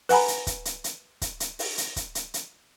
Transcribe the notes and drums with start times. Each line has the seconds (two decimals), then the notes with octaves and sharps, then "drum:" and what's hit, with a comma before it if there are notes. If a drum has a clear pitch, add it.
0.09 B4 F#5 G#5 A#5 B5, drum: open hi-hat
0.28 drum: hi-hat
0.47 drum: kick, hi-hat
0.65 drum: hi-hat
0.84 drum: hi-hat
1.21 drum: kick, hi-hat
1.40 drum: hi-hat
1.59 drum: open hi-hat
1.78 drum: hi-hat
1.96 drum: kick, hi-hat
2.15 drum: hi-hat
2.34 drum: hi-hat